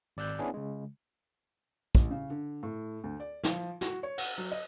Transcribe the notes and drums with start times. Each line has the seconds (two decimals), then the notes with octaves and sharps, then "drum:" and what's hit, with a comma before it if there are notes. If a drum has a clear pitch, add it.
0.17 G#1 D5 E6 F#6 G6
0.39 B3 C#4 D4 E4 G#4
0.54 C#3 G#3
1.95 A1, drum: kick
2.10 C#3
2.30 D3
2.63 A2
3.04 D2
3.20 D5
3.43 F3, drum: snare
3.81 F#4, drum: snare
4.03 C#5
4.18 F#5, drum: cymbal
4.38 F#3
4.52 D#5